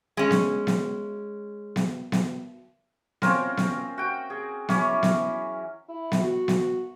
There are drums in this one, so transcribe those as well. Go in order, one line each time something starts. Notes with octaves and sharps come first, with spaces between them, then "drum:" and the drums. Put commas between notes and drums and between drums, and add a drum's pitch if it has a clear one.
G#3 C#4
drum: snare B3
drum: snare B3
drum: snare B3
drum: snare B3
C4 C#4 F4 A#4, drum: snare B3
drum: snare B3
F#4 G5
G#4
E3 F#3 C#4 D6, drum: snare B3
drum: snare B3
E4
drum: snare B3
F#4
drum: snare B3